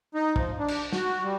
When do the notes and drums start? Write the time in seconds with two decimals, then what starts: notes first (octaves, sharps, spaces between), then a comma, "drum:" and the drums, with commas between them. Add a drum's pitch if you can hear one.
0.15 D#4
0.36 F3, drum: kick
0.59 D4
0.68 drum: cymbal
0.92 F#4, drum: snare
1.24 G3